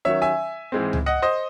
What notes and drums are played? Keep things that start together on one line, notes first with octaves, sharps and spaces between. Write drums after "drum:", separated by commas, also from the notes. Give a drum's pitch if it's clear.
D#3 F#3 C#4 C#5 E5
E5 G#5
G#2 E3 G#3 C4
drum: tom C#2
D#5 F#5
C5 D#5